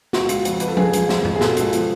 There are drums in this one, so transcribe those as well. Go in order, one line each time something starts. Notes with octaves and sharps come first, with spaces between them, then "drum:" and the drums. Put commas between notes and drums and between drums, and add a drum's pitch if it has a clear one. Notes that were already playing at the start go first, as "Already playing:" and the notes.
C#2 F#4, drum: snare
C#2, drum: hi-hat
F2, drum: hi-hat
F2 B4, drum: hi-hat
A4
C#2 G#4, drum: tom F3
C#2, drum: hi-hat
F2, drum: snare
F2, drum: tom
G#4
B2 A4, drum: snare
C#2, drum: hi-hat
F3, drum: hi-hat